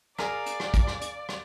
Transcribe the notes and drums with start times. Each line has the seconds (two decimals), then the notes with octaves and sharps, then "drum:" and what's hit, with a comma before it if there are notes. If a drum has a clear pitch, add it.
0.19 G#4 A#4 D5 F5, drum: rim click
0.46 drum: hi-hat
0.60 drum: rim click
0.74 drum: kick, hi-hat
0.87 drum: rim click
1.01 drum: hi-hat
1.29 drum: rim click